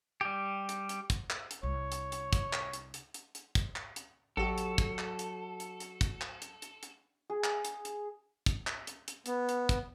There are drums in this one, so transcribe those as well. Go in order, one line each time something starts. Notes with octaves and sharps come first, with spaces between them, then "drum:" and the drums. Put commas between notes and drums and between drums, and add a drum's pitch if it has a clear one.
G3 G4
drum: hi-hat
drum: hi-hat
drum: kick, hi-hat
drum: clap
drum: hi-hat
C2 C#5
drum: hi-hat
drum: hi-hat
drum: kick, hi-hat
drum: clap
drum: hi-hat
drum: hi-hat
drum: hi-hat
drum: hi-hat
drum: kick, hi-hat
drum: clap
drum: hi-hat
A1 F#3 F#4 G4 A4
drum: hi-hat
drum: kick, hi-hat
drum: clap
drum: hi-hat
drum: hi-hat
drum: hi-hat
drum: kick, hi-hat
drum: clap
drum: hi-hat
drum: hi-hat
drum: hi-hat
G#4
drum: clap
drum: hi-hat
drum: hi-hat
drum: kick, hi-hat
drum: clap
drum: hi-hat
drum: hi-hat
B3, drum: hi-hat
drum: hi-hat
drum: kick, hi-hat